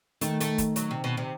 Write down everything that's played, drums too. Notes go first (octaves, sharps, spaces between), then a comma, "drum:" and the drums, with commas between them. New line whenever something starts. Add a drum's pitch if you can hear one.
D#3 A3, drum: hi-hat
A3, drum: hi-hat
drum: kick, hi-hat
F#3, drum: hi-hat
C3
B2
C3